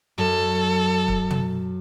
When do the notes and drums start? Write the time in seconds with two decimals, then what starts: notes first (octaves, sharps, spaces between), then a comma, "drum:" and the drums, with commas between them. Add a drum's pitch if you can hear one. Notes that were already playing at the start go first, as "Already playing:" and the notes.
0.18 F#2 A4
1.08 drum: kick
1.30 drum: tom